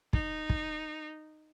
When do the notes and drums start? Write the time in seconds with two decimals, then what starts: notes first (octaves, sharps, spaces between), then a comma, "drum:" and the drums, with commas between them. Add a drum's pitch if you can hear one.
0.13 D#4, drum: kick
0.50 drum: kick